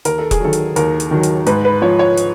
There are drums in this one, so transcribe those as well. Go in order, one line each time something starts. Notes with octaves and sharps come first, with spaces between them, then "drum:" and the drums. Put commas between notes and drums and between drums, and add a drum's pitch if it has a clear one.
D#2 A#4, drum: hi-hat
A4
G#4, drum: kick E1, hi-hat
D#3 F#3 A4
drum: hi-hat
D#2 A#4, drum: hi-hat
drum: hi-hat
D#3 F#3
drum: hi-hat
G#2 B4, drum: hi-hat
B4
F3 C#5
C#5
drum: hi-hat